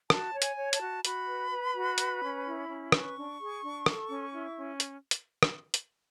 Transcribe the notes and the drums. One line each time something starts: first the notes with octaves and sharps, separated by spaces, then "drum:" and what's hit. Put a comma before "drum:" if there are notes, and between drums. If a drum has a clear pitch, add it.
F#4 A5, drum: rim click
C#5
G#5, drum: hi-hat
C#5
A5, drum: hi-hat
F#4
F#4 B5, drum: hi-hat
B4
B4
F#4
B4, drum: hi-hat
C#4
E4
C#4
B4 C#6, drum: rim click
D4
G#4
D4
A4, drum: rim click
C#4
E4
C#4
drum: hi-hat
drum: hi-hat
drum: rim click
drum: hi-hat